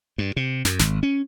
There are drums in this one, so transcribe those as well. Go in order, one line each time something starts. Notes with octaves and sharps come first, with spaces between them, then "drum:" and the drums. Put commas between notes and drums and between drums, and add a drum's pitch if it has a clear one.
G2
C3
F#2, drum: snare
G#1, drum: snare
C#4